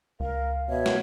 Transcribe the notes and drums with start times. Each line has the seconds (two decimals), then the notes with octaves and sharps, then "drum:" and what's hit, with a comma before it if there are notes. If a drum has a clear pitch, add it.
0.20 C#2 A#4 F5
0.69 B2 C#5 E5
0.86 drum: snare